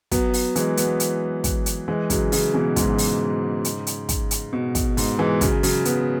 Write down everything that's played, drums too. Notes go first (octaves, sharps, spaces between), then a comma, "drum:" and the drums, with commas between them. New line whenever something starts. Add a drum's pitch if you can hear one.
F#3 B3, drum: kick, hi-hat
drum: open hi-hat
E3 G#3, drum: hi-hat
F#3 B3, drum: hi-hat
drum: hi-hat
drum: kick, hi-hat
drum: hi-hat
E3 G#3
C#3 F#3, drum: kick, hi-hat
C#3 F#3, drum: open hi-hat
B2 E3
G#2 C#3, drum: kick, hi-hat
drum: open hi-hat
drum: hi-hat
drum: hi-hat
drum: kick, hi-hat
drum: hi-hat
B2
drum: kick, hi-hat
G#2, drum: open hi-hat
E3 G#3
C#3 F#3, drum: kick, hi-hat
C#3 F#3, drum: open hi-hat
F#3 B3, drum: hi-hat